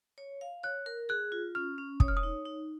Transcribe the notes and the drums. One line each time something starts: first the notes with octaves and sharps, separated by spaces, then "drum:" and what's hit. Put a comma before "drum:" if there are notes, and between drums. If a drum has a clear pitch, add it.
C#5
F5
C#5 F#6
A#4
G#4 F#6
F4
C#4 F6
C#4
C#5 D#6, drum: kick
F6
D#6
D#4
D#4